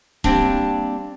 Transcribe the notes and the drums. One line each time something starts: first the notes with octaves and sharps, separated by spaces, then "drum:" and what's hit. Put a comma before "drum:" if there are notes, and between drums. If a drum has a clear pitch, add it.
G3 A#3 C4 D4, drum: kick C#1